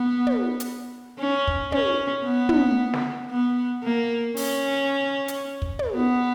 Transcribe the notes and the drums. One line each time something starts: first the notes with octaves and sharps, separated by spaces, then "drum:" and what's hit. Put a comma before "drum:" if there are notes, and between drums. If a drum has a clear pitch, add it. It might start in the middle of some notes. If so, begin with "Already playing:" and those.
Already playing: B3
drum: tom
drum: hi-hat
C#4
drum: kick
C#4, drum: tom
B3
drum: tom
drum: snare
B3
A#3
C#4, drum: open hi-hat
drum: hi-hat
drum: kick
drum: tom
B3